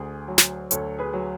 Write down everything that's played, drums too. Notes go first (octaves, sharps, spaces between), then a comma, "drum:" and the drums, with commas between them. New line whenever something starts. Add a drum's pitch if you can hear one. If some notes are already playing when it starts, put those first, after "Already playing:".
Already playing: D2 G#4
F#3
drum: snare
D2 A4 C#5, drum: hi-hat
G#4 B4
F#3